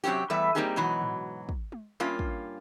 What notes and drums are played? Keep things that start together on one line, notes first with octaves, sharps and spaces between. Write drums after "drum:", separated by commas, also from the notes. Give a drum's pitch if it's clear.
C3 F#3 G3 C4 C#4 G4
E2 G3 A3 B4 E5
G3 A#3 C4 D#4 G4 G#4
G#2 B2 E3 F#3
drum: tom A2
drum: kick
drum: tom G#3
G2 A#3 C#4 F4
drum: kick